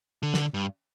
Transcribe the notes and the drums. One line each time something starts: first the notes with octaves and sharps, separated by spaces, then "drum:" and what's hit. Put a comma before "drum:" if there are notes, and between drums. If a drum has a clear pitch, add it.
D3
drum: snare
G2